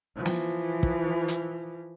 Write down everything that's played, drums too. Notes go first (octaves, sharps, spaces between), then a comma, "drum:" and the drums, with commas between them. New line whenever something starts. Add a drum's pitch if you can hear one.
E3 F3
drum: snare
drum: kick
drum: hi-hat